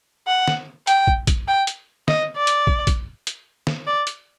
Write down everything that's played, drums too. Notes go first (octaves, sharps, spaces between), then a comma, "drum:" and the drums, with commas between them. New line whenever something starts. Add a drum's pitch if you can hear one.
F#5
drum: snare
G5, drum: hi-hat
drum: kick
drum: kick, hi-hat
G5
drum: hi-hat
D#5, drum: snare
D5
drum: hi-hat
drum: kick
drum: kick, hi-hat
drum: hi-hat
drum: snare
D5
drum: hi-hat